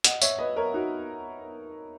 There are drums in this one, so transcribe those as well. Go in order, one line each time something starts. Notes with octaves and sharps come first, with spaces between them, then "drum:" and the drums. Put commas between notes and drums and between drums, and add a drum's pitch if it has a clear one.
D#5 F#5, drum: hi-hat
C#5 E5, drum: tambourine
B4 D#5
A#4 C#5
D#4 F#4